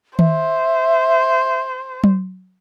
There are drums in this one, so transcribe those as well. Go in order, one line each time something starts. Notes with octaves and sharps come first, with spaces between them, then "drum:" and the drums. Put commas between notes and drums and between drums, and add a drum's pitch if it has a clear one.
C5 E5, drum: tom D#3
drum: tom F#3